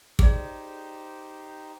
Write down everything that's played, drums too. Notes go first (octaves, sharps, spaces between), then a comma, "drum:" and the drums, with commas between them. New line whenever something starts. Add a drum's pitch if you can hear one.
D#4 G4 G#4 C5 D5, drum: kick